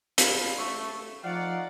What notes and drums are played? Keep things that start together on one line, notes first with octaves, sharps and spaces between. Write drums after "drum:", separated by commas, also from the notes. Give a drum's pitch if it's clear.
F4 A5 B5, drum: hi-hat
A3 C#6
F3 D#4 D5 F5 F#5